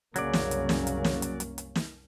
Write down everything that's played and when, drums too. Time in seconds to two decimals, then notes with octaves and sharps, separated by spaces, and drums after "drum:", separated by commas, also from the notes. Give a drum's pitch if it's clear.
0.16 C2 F#2 C#3 F#3 A#3 C#4 D5, drum: hi-hat
0.33 drum: snare
0.51 drum: hi-hat
0.69 drum: snare
0.87 drum: hi-hat
1.04 drum: snare
1.22 drum: hi-hat
1.40 drum: hi-hat
1.58 drum: hi-hat
1.75 drum: snare